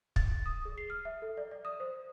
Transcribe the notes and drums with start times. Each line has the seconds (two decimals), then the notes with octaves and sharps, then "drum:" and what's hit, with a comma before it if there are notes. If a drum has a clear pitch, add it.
0.16 A6, drum: kick
0.46 D#6
0.65 G#4
0.78 C7
0.90 F6
1.05 E5
1.22 A4
1.37 D5
1.51 D5
1.65 D#6
1.80 C5